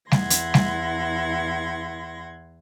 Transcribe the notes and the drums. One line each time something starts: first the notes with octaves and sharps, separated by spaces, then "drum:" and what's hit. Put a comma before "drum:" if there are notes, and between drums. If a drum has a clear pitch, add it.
E2 E4 F#5 C6 G#6 A#6, drum: snare G3
drum: hi-hat
drum: snare G3